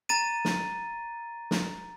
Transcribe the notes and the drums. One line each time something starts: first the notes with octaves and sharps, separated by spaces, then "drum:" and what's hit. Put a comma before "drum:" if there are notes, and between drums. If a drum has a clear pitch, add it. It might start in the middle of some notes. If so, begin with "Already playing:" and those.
A#5 A6 D#7
drum: snare
drum: snare